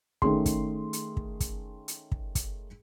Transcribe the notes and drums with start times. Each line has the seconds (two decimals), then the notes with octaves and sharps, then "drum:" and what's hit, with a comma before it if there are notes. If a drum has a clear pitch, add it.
0.22 D#3 A3 C#4 G#4 C6, drum: kick
0.46 drum: kick, hi-hat
0.93 drum: hi-hat
1.17 drum: kick
1.40 drum: kick, hi-hat
1.88 drum: hi-hat
2.12 drum: kick
2.35 drum: kick, hi-hat